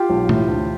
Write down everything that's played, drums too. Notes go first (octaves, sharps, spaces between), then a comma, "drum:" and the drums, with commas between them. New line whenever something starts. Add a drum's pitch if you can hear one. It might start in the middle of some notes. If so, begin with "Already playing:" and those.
Already playing: F4 G4
B1
A2 E3, drum: tom
D2